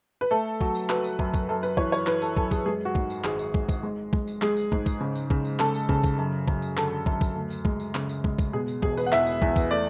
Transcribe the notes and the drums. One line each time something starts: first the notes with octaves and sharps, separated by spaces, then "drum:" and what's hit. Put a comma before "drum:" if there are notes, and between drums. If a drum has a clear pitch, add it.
B4
A3 A4
F#3, drum: kick
drum: tambourine
F#3 B4, drum: clap
drum: tambourine
F#2, drum: kick
drum: kick, tambourine
F#2 A4
B4, drum: tambourine
E3 C#5, drum: kick
C#5, drum: tambourine
E3 B4, drum: clap
A4, drum: tambourine
F#2 A4, drum: kick
G#4, drum: kick, tambourine
G#3 G#4
F#4
G#2, drum: kick
drum: tambourine
G#1 G#4, drum: clap
drum: tambourine
G#3, drum: kick
drum: kick, tambourine
G#3
G#3, drum: kick
drum: tambourine
G#3 G#4, drum: clap
drum: tambourine
G#2, drum: kick
drum: kick, tambourine
C#3
drum: tambourine
C#3, drum: kick
drum: tambourine
C#3 A4, drum: clap
drum: tambourine
C#3, drum: kick
drum: kick, tambourine
F#2
F#2, drum: kick
drum: tambourine
D3 A4, drum: clap
F#2, drum: kick
drum: kick, tambourine
D2
drum: tambourine
G#3, drum: kick
drum: tambourine
C#3, drum: clap
drum: tambourine
G#3, drum: kick
drum: kick, tambourine
B2 G#4
drum: tambourine
E1 G#4, drum: kick
B4, drum: tambourine
F#5
E2 E5, drum: clap
drum: tambourine
E2, drum: kick
drum: kick, tambourine
A3 D5